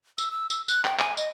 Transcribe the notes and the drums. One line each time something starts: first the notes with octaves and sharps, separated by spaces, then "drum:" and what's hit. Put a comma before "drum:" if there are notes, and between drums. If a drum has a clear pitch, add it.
E6, drum: tambourine
E6
E6, drum: tambourine
F#6, drum: tambourine
G5, drum: clap
G#5, drum: clap
D#5, drum: tambourine